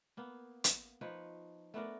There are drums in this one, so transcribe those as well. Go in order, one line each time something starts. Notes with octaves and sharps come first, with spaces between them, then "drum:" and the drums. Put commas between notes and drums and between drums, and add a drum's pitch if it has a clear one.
A#3 B3
drum: hi-hat
F3 D#4 B4 C#5
A3 B3 D4 A#4